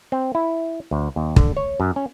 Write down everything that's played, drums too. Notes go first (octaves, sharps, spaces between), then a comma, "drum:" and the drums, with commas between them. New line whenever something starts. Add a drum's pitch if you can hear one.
C4
E4
D2
D#2
D3, drum: kick
C#5
F#2
C#4